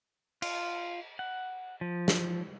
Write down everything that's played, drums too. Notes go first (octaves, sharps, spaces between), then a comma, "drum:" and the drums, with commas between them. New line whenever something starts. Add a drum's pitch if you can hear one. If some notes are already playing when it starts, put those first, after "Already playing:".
F4, drum: cymbal
F#5
F3
drum: snare